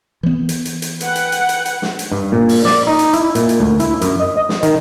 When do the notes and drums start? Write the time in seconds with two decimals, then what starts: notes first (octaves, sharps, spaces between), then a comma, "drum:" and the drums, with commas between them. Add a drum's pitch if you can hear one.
0.23 E3 B3
0.49 drum: hi-hat
0.65 drum: hi-hat
0.82 drum: hi-hat
1.00 B4 F#5 G5, drum: hi-hat
1.15 drum: hi-hat
1.32 drum: hi-hat
1.49 drum: hi-hat
1.65 drum: hi-hat
1.82 drum: snare
1.99 drum: hi-hat
2.11 G2
2.32 A#2
2.49 drum: open hi-hat
2.65 D5, drum: snare
2.87 D#4
2.99 drum: hi-hat
3.13 E4, drum: hi-hat
3.35 A#2, drum: hi-hat
3.49 drum: hi-hat
3.60 D2
3.80 E4, drum: hi-hat
4.01 F#2, drum: hi-hat
4.20 D#5
4.37 D#5
4.49 drum: snare
4.63 D#3, drum: hi-hat